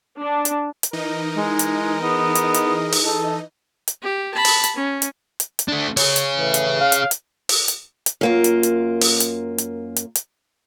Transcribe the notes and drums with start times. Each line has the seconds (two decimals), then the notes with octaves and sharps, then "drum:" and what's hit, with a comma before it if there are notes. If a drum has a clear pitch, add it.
0.17 D4
0.45 drum: hi-hat
0.83 drum: hi-hat
0.93 E3 D#4 A#4 D#5
1.35 G#3
1.59 drum: hi-hat
2.02 B3 G#4
2.35 drum: hi-hat
2.54 drum: hi-hat
2.92 drum: open hi-hat
3.05 A4
3.88 drum: hi-hat
4.02 G4
4.34 A5 B5
4.45 drum: open hi-hat
4.64 drum: hi-hat
4.76 C#4
5.02 drum: hi-hat
5.40 drum: hi-hat
5.59 drum: hi-hat
5.68 A3 D4
5.97 G#4 C#5, drum: open hi-hat
6.16 drum: hi-hat
6.38 A2 E3
6.54 drum: hi-hat
6.81 F5
6.92 drum: hi-hat
7.11 drum: hi-hat
7.49 drum: open hi-hat
7.68 drum: hi-hat
8.06 drum: hi-hat
8.21 F#2 A#3 F4
8.44 drum: hi-hat
8.63 drum: hi-hat
9.01 drum: open hi-hat
9.20 drum: hi-hat
9.58 drum: hi-hat
9.96 drum: hi-hat
10.15 drum: hi-hat